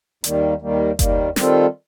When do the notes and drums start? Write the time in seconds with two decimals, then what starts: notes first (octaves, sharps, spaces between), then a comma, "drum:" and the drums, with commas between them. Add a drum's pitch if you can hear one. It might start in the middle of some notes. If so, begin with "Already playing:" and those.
0.24 D#2 D#3 G3 A#3, drum: hi-hat
0.61 D#2 D#3 G3 A#3
0.99 D#2 D#3 G3 A#3, drum: kick F#1, hi-hat
1.36 D#3 G3 C4 F4 A4, drum: snare